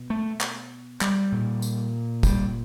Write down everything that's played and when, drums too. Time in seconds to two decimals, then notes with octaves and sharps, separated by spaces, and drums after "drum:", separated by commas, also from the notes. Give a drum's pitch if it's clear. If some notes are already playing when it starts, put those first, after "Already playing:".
Already playing: B2
0.10 A3
0.41 drum: clap
1.01 G3, drum: clap
1.32 A#2
1.62 drum: tambourine
2.23 G3, drum: kick, tambourine